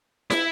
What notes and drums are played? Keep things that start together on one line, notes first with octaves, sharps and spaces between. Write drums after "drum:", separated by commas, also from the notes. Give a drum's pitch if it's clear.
E4, drum: snare